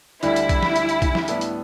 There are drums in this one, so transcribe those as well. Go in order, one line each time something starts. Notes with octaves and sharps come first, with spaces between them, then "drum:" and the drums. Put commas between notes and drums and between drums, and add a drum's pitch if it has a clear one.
D2 D3 G3 D4 E4, drum: hi-hat
drum: hi-hat
drum: kick B1, hi-hat
drum: snare
drum: hi-hat
drum: hi-hat
drum: kick B1, hi-hat
drum: snare
A2 G3 B3 D4 A4, drum: hi-hat
drum: hi-hat